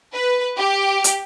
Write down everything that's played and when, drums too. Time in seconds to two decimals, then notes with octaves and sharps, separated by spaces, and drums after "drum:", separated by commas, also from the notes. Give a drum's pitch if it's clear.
0.14 B4
0.58 G4
1.04 drum: hi-hat